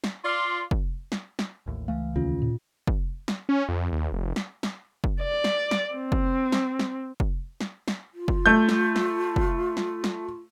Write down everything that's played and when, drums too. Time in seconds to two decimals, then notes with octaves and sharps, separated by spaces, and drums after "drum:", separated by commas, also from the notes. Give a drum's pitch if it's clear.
0.04 drum: snare
0.23 F4 D5 C6
0.71 drum: kick
1.12 drum: snare
1.39 drum: snare
1.66 A1 D#2 A2
1.88 C#2 E3 A3 F5
2.16 D#2 C#3 C#4 F4
2.42 A#2
2.87 drum: kick
3.28 drum: snare
3.49 C#4
3.69 F2
3.92 D#2
4.12 F1
4.36 drum: snare
4.63 drum: snare
5.04 drum: kick
5.21 D5
5.44 drum: snare
5.71 drum: snare
5.94 C4
6.12 drum: kick
6.52 drum: snare
6.79 drum: snare
7.20 drum: kick
7.61 drum: snare
7.88 drum: snare
8.14 F4
8.28 drum: kick
8.46 A3 G6
8.69 drum: snare
8.96 drum: snare
9.36 drum: kick
9.77 drum: snare
10.04 drum: snare